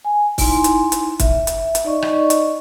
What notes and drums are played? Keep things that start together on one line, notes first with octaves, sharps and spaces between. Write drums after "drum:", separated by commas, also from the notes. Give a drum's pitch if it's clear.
G#5
D#4 E4 G#5 C6, drum: kick, open hi-hat
drum: hi-hat
drum: hi-hat
E5, drum: kick, hi-hat
drum: hi-hat
drum: hi-hat
D#4 D5 D#5 C#6
drum: rim click
drum: hi-hat